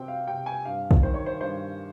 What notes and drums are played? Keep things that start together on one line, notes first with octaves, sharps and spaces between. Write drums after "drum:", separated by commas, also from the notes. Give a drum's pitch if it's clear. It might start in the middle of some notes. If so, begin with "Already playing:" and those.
Already playing: C3 C4 G5
F5
C3 G5
G#5
G2 F5
drum: kick
D#3 C5
C#5
C5
G2 C5